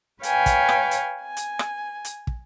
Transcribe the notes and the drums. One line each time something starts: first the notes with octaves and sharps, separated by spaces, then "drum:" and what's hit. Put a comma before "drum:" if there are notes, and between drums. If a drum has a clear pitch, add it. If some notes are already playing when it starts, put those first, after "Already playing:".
B4 C#5 F5 G5 G#5, drum: hi-hat
drum: kick, hi-hat
drum: rim click
drum: hi-hat
G#5
drum: hi-hat
drum: rim click
drum: hi-hat
drum: kick